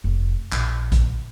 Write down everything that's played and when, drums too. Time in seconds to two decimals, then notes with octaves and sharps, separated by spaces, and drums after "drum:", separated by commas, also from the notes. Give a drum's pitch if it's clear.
0.04 F1
0.52 A#1, drum: clap
0.92 drum: kick A1, hi-hat